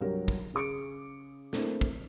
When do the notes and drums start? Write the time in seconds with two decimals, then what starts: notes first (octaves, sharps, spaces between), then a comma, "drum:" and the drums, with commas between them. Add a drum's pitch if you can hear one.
0.01 C2 G2 F#3 G4 A#4 C#5
0.28 drum: kick
0.54 C#3 G#4 D6 C#7 D7
1.53 A3 A#3 C4 D4 E4 A#4, drum: snare
1.81 drum: kick